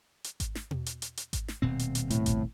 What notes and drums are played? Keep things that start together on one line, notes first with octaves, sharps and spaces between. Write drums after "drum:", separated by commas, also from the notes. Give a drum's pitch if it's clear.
drum: hi-hat
drum: kick G#1, hi-hat
drum: snare
drum: tom
drum: hi-hat
drum: hi-hat
drum: hi-hat
drum: kick G#1, hi-hat
drum: snare
D#1 B2 C4
drum: hi-hat
drum: hi-hat
A2, drum: hi-hat
drum: kick G#1, hi-hat